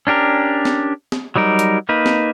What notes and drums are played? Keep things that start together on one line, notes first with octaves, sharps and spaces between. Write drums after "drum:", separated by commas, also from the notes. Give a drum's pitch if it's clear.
C#4 D4 G4 A#4
drum: snare
drum: snare
F#3 G3 D#4 A#4
drum: hi-hat
A#3 D#4 B4
drum: snare